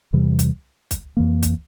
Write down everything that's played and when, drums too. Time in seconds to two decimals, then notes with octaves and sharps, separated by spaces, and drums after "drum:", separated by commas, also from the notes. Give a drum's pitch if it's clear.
0.13 E2 C3 E3 G3
0.39 drum: kick, hi-hat
0.91 drum: kick, hi-hat
1.17 F2 E3 A#3
1.43 drum: kick, hi-hat